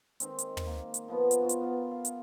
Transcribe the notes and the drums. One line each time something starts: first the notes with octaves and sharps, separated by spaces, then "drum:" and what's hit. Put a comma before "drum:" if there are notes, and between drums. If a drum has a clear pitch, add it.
D#3 G#3 C4, drum: hi-hat
drum: hi-hat
drum: tom
A#3
drum: hi-hat
B2 F3 B3
drum: hi-hat
F4 F#4 B4
drum: hi-hat
B3 F4 A#4
F5
drum: hi-hat